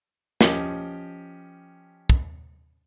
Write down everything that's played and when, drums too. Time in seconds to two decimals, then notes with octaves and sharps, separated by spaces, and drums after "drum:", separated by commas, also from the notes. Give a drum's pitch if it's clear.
0.41 F3 C#4 G4 D#5, drum: snare
2.10 drum: kick